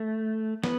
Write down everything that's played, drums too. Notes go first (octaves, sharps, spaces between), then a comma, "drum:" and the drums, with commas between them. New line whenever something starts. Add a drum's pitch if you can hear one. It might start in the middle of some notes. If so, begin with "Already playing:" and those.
Already playing: A3
B3, drum: snare